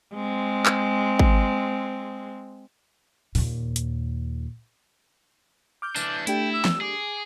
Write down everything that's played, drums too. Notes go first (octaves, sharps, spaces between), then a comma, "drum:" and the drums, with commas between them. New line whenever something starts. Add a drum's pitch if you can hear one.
G#3 C4
drum: clap
drum: kick G#1
D#2 A#2, drum: open hi-hat
drum: hi-hat
D6 F6 G6
E3 D4, drum: tambourine
A3 D4 E4 G4 G5, drum: hi-hat
E6
drum: snare
G#4 D6